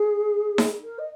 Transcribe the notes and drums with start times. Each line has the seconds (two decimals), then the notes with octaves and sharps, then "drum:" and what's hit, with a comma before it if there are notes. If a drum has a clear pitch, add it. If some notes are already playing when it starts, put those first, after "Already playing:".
Already playing: G#4
0.58 drum: snare D#4
0.82 A#4
0.98 D#5